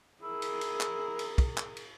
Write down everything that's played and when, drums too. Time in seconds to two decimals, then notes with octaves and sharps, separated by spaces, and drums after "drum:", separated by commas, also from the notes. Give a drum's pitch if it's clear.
0.23 E4 G#4 A#4
0.42 drum: cymbal
0.61 drum: cymbal
0.80 drum: clap
1.19 drum: cymbal
1.38 drum: kick, cymbal
1.57 drum: clap
1.77 drum: cymbal